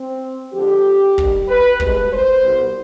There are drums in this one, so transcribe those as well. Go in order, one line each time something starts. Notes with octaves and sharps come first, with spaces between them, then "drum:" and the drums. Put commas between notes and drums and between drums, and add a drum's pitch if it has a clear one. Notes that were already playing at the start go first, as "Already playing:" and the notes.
Already playing: C4
F2 D3 G#3 G4
G2 D#3 G3, drum: kick
B4
C2 B2 G#3 B4, drum: kick
C5
C2 B2 G3